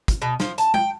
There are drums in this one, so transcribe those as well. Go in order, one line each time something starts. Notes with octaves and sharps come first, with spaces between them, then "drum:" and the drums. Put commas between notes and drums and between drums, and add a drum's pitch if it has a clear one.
drum: kick, hi-hat
B2
F3, drum: snare
A5, drum: hi-hat
G5, drum: tom G#3